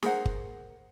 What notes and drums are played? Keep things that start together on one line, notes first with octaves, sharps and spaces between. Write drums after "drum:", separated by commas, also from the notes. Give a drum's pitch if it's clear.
G#4 A#4 C5 F#5, drum: snare
drum: kick G1